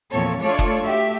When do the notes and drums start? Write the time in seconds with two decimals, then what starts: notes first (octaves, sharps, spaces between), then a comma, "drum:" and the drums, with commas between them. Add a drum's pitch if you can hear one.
0.10 E2 A#2 F3 C4 A4 C#5
0.41 A3 D4 F4 A4 C#5 D5
0.59 drum: kick F#1
0.83 A3 F#4 G4 E5